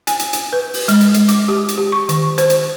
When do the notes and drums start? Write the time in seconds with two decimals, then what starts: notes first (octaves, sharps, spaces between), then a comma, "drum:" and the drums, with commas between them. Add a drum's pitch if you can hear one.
0.07 G#5, drum: hi-hat
0.19 drum: hi-hat
0.33 drum: hi-hat
0.53 B4
0.74 drum: open hi-hat
0.88 G#3, drum: hi-hat
1.01 drum: hi-hat
1.14 G#3, drum: hi-hat
1.28 D6, drum: hi-hat
1.48 G4
1.68 drum: hi-hat
1.78 G4
1.92 C#6
2.09 D#3, drum: hi-hat
2.38 C5, drum: hi-hat
2.50 drum: hi-hat